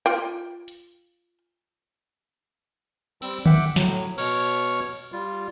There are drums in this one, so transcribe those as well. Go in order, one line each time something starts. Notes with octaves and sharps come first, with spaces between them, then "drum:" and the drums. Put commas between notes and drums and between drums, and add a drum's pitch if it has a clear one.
F4 G5
drum: hi-hat
G3 C4 E6, drum: cymbal
E5 F#5 G5 D6, drum: tom D3
A2 F#3, drum: snare
B2 C#5 C#6 F6, drum: cymbal
G3 F4